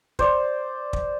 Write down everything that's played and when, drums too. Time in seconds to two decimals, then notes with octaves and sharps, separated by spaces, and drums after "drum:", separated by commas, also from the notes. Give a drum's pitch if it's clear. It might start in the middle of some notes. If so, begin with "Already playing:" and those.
0.19 C5 D5, drum: kick
0.93 drum: kick